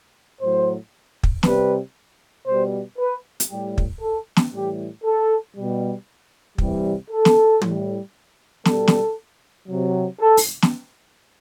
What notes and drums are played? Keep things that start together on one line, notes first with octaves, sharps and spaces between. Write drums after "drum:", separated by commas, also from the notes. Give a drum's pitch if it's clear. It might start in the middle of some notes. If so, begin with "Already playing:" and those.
A2 F#3 C5
drum: kick
C3 G3 B4, drum: snare
B2 G3 C5
B4
drum: hi-hat
A2 G3 G4
drum: kick
A4
drum: snare
A2 E3 G3 G4
A4
B2 G3
C3 E3 G3, drum: kick
A4
drum: snare
A2 G3, drum: tom
B2 G3 A4, drum: snare
drum: snare
C3 F#3
A4
drum: open hi-hat
drum: snare